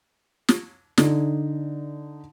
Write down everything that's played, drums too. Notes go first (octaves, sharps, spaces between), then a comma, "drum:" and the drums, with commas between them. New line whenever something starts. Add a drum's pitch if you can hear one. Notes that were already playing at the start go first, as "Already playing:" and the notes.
drum: snare
D3 D#4, drum: snare